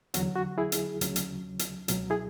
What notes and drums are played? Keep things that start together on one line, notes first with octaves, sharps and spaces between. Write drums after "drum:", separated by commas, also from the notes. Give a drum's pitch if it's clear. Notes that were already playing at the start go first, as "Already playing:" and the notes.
E2 D3 F#3 F#4, drum: hi-hat
F#4
E4 G#4
drum: hi-hat
D2 C#3 F#3, drum: hi-hat
drum: hi-hat
drum: hi-hat
C#2 B2 F#3, drum: hi-hat
E4 G#4